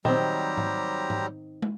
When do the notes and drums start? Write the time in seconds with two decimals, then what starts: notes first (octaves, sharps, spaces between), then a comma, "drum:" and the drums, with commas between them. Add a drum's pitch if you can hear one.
0.05 D#3 F#3 G3 C4 G4 C5 A#5, drum: tom A#2
0.57 drum: tom G#2
1.10 drum: tom G#2
1.62 drum: tom